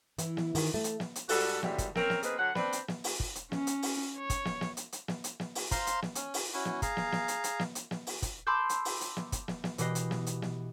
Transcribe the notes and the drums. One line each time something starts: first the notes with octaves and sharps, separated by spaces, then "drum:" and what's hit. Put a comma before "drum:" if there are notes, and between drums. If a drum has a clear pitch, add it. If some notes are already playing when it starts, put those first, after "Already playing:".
E3, drum: hi-hat
drum: snare
D#3, drum: open hi-hat
A3
drum: hi-hat
drum: snare
drum: hi-hat
G#2 G3 F#4 A4, drum: open hi-hat
G#2 D3 E3 F#3 G3, drum: snare
drum: kick, hi-hat
C4 C#4 A#4, drum: snare
drum: snare
A#3 C4 D#4 G#4 B4, drum: hi-hat
D3 F#3 F#5
C4 D4 B4 C5, drum: snare
drum: hi-hat
drum: snare
drum: open hi-hat
drum: kick
drum: hi-hat
C#4, drum: snare
drum: hi-hat
drum: open hi-hat
C#5
drum: kick, hi-hat
drum: snare
drum: snare
drum: hi-hat
drum: hi-hat
drum: snare
drum: hi-hat
drum: snare
drum: open hi-hat
C5 F5 A#5 C6, drum: kick, hi-hat
drum: hi-hat
drum: snare
C#4, drum: hi-hat
drum: open hi-hat
C#4 E4 F#4
drum: snare
G#4 F5 A#5, drum: kick, hi-hat
drum: snare
drum: snare
drum: hi-hat
drum: hi-hat
drum: snare
drum: hi-hat
drum: snare
drum: open hi-hat
drum: kick, hi-hat
A5 B5 C6 D6 E6 G6
drum: hi-hat
drum: open hi-hat
drum: hi-hat
drum: snare
drum: kick, hi-hat
drum: snare
drum: snare
B2 E3 G4 B4 D#5 C7, drum: hi-hat
drum: hi-hat
drum: snare
drum: hi-hat
drum: snare